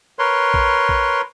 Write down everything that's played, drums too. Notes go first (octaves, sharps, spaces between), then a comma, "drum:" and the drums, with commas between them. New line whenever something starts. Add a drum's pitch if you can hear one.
A#4 B4 C#5 C6
drum: kick A#1
drum: kick A#1